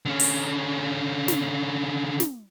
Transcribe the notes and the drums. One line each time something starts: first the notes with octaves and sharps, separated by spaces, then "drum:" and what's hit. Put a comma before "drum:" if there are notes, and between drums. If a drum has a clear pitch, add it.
D3 C#4
drum: open hi-hat
drum: snare
drum: snare